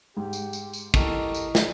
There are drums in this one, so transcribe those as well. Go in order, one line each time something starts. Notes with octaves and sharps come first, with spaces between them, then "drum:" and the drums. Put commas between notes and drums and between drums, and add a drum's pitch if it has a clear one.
G#2 G4
drum: tambourine
drum: tambourine
drum: tambourine
E4 G4 A4 A#4 D#5 C#6, drum: kick, tambourine
drum: tambourine
drum: snare